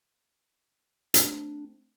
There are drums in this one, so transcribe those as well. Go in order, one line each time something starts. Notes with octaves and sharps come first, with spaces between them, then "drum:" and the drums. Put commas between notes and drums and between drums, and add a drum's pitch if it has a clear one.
A3 C4 D4, drum: hi-hat